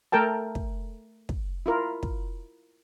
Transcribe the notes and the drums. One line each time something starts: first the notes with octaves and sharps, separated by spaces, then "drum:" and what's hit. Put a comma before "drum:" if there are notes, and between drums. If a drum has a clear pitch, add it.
A3 A4 A#4 G5 A5
drum: kick
drum: kick
E4 F4 A#4
drum: kick